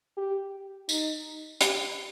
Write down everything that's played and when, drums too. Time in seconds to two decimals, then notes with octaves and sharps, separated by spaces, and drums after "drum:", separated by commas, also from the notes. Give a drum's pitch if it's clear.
0.17 G4
0.89 D#4, drum: tambourine
1.61 G4, drum: hi-hat